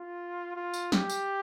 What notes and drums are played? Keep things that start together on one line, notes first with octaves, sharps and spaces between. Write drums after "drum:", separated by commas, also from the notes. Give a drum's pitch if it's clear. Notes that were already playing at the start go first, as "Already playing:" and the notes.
Already playing: F4
F4
drum: tambourine
G4, drum: snare
drum: tambourine